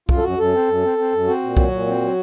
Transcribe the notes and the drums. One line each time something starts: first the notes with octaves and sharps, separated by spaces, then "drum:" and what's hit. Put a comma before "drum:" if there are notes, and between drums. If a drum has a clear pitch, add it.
F#2 F4, drum: kick B1
A4
F#2 F#4
F#2 A4
C4
F#2
C4
C4
F#2
C4 F#4
A#2
F#3, drum: kick B1
A#2
C4
F#3